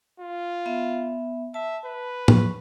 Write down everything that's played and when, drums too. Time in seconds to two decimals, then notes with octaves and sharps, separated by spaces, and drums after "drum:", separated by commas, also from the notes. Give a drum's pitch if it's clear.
0.20 F4
0.66 B3 E5
1.54 E5 A5
1.85 B4
2.28 C#6, drum: tom A2